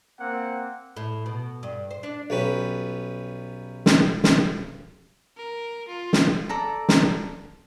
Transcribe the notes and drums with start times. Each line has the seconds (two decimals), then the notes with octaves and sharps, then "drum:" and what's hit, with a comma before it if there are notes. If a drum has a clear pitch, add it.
0.20 A#3 C4 F#5
0.96 A2
1.26 B2
1.63 G2
1.91 C5
2.03 D4
2.30 B1 G3 C#4 B4
3.86 drum: snare
4.24 drum: snare
5.37 A#4
5.88 F4
6.13 drum: snare
6.49 A4 D5 A#5
6.89 drum: snare